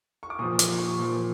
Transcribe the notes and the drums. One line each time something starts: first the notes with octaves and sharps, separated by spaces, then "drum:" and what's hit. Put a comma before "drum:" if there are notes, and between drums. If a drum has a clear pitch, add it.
C#6
D6
A#2 F3 D#6
D6, drum: hi-hat
C#6
A#2 F3